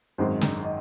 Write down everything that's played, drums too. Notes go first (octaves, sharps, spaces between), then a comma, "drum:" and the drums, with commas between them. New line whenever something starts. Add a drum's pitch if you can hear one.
G#1 F#2 D#3 G#3 C4 C5
drum: snare
D#5